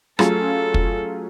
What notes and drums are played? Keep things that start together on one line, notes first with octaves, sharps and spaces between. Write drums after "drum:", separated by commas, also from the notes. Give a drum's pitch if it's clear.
F#3 A3 C#4 F4 G#4 A4, drum: rim click
drum: kick